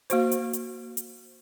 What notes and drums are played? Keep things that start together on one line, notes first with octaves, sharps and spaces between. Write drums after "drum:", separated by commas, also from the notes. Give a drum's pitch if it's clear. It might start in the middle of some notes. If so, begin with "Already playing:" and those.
A#3 F#4 C5, drum: hi-hat
drum: hi-hat
drum: hi-hat
drum: hi-hat